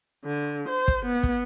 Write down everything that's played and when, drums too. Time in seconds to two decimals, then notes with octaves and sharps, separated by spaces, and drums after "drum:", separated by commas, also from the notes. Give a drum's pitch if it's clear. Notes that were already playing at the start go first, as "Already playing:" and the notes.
0.25 D3
0.69 C5
0.88 drum: kick
1.06 B3
1.23 drum: kick